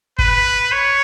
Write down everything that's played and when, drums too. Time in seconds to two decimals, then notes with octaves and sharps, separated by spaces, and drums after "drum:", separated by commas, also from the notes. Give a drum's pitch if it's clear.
0.19 B4, drum: kick G1
0.72 C#5